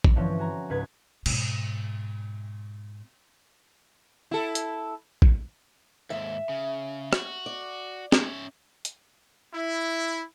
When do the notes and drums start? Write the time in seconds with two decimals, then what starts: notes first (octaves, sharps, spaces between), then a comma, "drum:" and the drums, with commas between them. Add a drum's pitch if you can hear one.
0.04 drum: kick
0.16 G2 D3 E3 F3 C4 C#4
0.39 F#4 G#5 A#5
0.70 C#2 G#2 B4 G#6
1.26 G#2 B2, drum: cymbal
4.31 E4 A4
4.55 drum: hi-hat
5.22 drum: kick
6.10 D#2 G#2 E5
6.49 C#3
7.13 F#4, drum: rim click
7.46 D5
8.12 C#4 E5, drum: snare
8.85 drum: hi-hat
9.54 E4